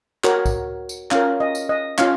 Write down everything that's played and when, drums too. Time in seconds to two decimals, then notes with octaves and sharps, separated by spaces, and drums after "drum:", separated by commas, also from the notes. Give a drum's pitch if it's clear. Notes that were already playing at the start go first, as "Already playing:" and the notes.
0.24 F#4 A#4 C#5, drum: clap
0.46 drum: kick, tambourine
0.89 drum: tambourine
1.11 C#4 F4 A#4 F5, drum: clap
1.40 D#5
1.55 drum: tambourine
1.69 D#5
1.98 C#4 F4 F5, drum: clap